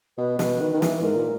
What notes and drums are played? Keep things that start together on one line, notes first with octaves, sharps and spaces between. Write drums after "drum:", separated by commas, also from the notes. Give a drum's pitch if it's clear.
B2 B4
B2, drum: snare
D#3
D#3
E3, drum: snare
G#2 A#4
A#2